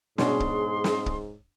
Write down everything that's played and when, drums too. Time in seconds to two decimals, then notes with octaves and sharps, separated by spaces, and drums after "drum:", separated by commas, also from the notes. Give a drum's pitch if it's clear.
0.18 G#2 B2 C#4 D4 G#4 C6, drum: snare
0.40 drum: kick
0.84 drum: snare
1.06 drum: kick